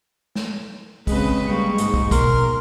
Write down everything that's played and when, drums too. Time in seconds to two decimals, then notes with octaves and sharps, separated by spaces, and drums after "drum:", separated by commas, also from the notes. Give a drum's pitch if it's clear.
0.35 drum: snare
1.07 C#3 G#3 C4 B4, drum: kick, open hi-hat
1.46 G3 A#3 C#6
1.78 G#2, drum: hi-hat
1.94 drum: kick
2.11 B2 A#4 C6, drum: kick, hi-hat